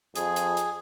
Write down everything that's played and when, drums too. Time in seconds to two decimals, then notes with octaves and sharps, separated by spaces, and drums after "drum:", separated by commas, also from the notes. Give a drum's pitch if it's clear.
0.15 F2 G#4, drum: hi-hat
0.36 drum: hi-hat
0.57 drum: hi-hat